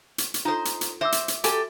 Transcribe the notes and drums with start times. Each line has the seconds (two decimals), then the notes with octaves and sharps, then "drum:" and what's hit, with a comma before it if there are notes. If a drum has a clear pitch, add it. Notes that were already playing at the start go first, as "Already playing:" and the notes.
0.18 drum: hi-hat
0.34 drum: hi-hat
0.45 D#4 F4 A4 C5
0.65 drum: hi-hat
0.81 drum: hi-hat
1.01 C5 E5 D6 E6
1.12 drum: hi-hat
1.28 drum: hi-hat
1.44 F#4 G4 A4 G#5, drum: hi-hat